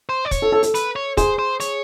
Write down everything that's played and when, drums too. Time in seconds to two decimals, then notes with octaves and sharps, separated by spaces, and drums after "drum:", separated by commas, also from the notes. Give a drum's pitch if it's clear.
0.09 C5
0.25 D5
0.31 C#5, drum: kick, hi-hat
0.42 A4
0.52 A4
0.63 A4, drum: hi-hat
0.75 B4, drum: hi-hat
0.96 C#5
1.17 G#4 C5, drum: kick, hi-hat
1.39 C5
1.60 C#5, drum: hi-hat